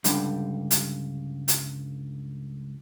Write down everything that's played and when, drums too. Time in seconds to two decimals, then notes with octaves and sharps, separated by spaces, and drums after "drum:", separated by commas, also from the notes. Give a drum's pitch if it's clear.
0.04 C#2 G2 D3 G3, drum: hi-hat
0.71 drum: hi-hat
1.48 drum: hi-hat